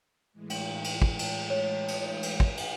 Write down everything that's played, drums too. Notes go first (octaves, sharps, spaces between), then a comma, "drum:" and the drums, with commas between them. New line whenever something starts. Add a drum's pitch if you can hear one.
A2 E3 G#3
drum: cymbal
drum: cymbal
drum: kick
drum: cymbal
C#5
drum: cymbal
drum: cymbal
drum: kick
drum: cymbal